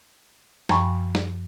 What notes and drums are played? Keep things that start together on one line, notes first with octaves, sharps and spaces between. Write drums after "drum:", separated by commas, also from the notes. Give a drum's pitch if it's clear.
F#2 F3 G5 G#5 B5 C#6, drum: snare
drum: snare